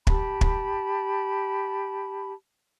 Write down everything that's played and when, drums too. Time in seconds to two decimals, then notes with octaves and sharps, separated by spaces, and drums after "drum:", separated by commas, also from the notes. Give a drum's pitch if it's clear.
0.07 G4 A5 B5, drum: kick
0.41 drum: kick